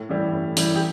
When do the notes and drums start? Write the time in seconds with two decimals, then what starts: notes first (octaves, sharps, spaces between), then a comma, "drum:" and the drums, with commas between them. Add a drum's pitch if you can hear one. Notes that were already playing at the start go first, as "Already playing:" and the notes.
Already playing: A2
0.09 E3 G3
0.33 A2
0.57 E3 G3, drum: open hi-hat
0.75 G4